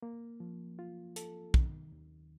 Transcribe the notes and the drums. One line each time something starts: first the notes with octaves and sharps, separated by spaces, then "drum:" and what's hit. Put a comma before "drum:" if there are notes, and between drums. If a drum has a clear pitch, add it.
A#3
F3
F4
A4, drum: hi-hat
D#3, drum: kick
D#2